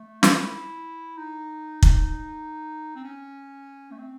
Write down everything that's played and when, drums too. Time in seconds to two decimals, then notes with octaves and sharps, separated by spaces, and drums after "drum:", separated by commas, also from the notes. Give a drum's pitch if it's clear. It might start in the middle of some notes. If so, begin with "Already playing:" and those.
Already playing: A3
0.23 E4, drum: snare
1.17 D#4
1.83 drum: kick
2.96 C4
3.04 C#4
3.91 A3
3.99 C4